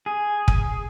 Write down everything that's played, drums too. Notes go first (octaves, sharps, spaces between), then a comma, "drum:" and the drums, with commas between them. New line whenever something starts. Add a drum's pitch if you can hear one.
G#4
drum: kick